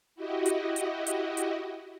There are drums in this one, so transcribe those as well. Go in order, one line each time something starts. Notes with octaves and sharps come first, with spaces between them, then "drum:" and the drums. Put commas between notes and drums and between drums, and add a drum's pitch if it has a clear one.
E4 F#4 G4 D#5
drum: hi-hat
drum: hi-hat
drum: hi-hat
drum: hi-hat